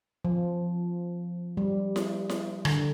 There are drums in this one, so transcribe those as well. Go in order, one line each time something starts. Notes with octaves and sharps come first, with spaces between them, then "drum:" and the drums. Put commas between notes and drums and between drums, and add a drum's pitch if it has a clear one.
F3
G3
drum: snare E4
drum: snare E4
D3, drum: rim click